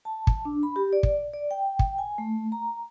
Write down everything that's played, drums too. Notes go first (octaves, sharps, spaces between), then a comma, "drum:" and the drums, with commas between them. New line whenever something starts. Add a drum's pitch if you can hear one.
A5
drum: kick
D4
B5
G4
D5
drum: kick
D5
G5
drum: kick
G#5
A3
A#5